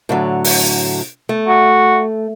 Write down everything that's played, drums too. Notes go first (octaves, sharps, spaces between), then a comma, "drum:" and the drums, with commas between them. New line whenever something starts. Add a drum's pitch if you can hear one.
A2 D3 F#3
drum: open hi-hat
A3
F#4